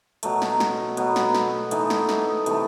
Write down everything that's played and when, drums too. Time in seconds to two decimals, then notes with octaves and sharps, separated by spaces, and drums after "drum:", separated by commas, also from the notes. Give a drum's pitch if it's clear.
0.23 B2 F#3 A3, drum: hi-hat
0.42 drum: snare
0.60 drum: snare
0.97 B2 F#3 B3, drum: hi-hat
1.16 drum: snare
1.35 drum: snare
1.71 E3 A3 D#4 A4, drum: hi-hat
1.90 drum: snare
2.09 drum: snare
2.46 C3 E3 A3, drum: hi-hat